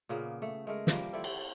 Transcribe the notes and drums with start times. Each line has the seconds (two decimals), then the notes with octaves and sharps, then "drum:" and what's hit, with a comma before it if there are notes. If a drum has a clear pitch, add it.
0.09 A#2 C#3 A#3 B3
0.42 A3
0.67 G#3 A3 A#4
0.87 F3 G3 A#3, drum: snare
1.13 C4 E4 A4 D5
1.24 drum: cymbal